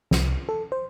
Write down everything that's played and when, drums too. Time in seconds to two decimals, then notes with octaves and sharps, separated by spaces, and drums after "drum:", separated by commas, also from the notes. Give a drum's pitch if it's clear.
0.11 C2, drum: snare
0.49 A4
0.72 C5